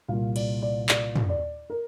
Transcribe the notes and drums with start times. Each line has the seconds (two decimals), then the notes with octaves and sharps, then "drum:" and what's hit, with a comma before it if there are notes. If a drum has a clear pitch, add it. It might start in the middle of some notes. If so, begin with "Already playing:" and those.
0.08 C2 A#2 F5
0.36 D5, drum: cymbal
0.62 D5
0.89 D5, drum: clap
1.16 drum: tom
1.29 D5
1.70 A#4